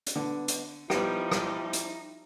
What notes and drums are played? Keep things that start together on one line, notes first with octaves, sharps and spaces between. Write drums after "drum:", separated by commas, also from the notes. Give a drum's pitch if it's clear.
drum: hi-hat
D3 B3
drum: hi-hat
F3 G3 B3 D#4 E4 G4, drum: rim click
drum: rim click
drum: hi-hat